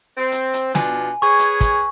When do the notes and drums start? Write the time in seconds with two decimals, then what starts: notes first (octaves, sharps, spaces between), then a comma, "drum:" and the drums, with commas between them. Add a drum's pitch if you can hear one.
0.18 C4
0.32 drum: hi-hat
0.53 drum: hi-hat
0.75 B2 D4 F4 G#5, drum: snare
1.22 G#4 B4 C#5 C#6
1.39 drum: hi-hat
1.61 drum: kick, hi-hat